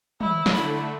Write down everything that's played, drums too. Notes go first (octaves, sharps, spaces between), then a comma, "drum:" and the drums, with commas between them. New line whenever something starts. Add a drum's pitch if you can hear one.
E4, drum: tom
drum: snare
D3 A3 E4 B5